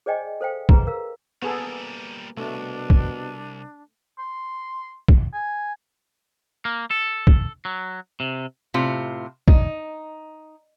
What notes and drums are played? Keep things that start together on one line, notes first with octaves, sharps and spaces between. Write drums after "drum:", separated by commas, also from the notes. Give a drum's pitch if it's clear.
G#4 C5 D5 D#5 G5 G#5
A4 C5 F5 G5
G#4 B4 A#5, drum: kick
A#4 F5 E6
G3 A#3 B3 G#4 A4
C2 B2 A3 D4
drum: kick
C6
drum: kick
G#5
A#3
A4
drum: kick
F#3
C3
A2 C3 F4
D#4, drum: kick